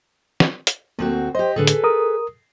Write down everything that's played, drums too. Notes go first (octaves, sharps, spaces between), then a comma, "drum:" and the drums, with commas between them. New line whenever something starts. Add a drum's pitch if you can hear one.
drum: snare
drum: hi-hat
D2 A#3 C4 F#4
G4 C5 D#5
A2 D3 G#4 A4 B4
drum: hi-hat
A#4 D#6